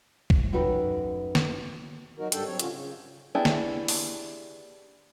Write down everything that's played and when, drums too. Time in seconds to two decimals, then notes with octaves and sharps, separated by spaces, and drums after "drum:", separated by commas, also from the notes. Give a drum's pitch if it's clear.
0.30 drum: kick
0.52 F#2 A3 D#4 F#4 B4 G5
1.35 drum: snare
2.19 F#3 D#4 F#4 A#4
2.32 G#2 G3 D4 A4 G5, drum: hi-hat
2.45 F#3 C4 C#5
2.59 A2 D3 C#4 F4 F#4, drum: hi-hat
2.72 C#3
3.35 B3 D4 E4 G4 G#4
3.45 drum: snare
3.88 drum: open hi-hat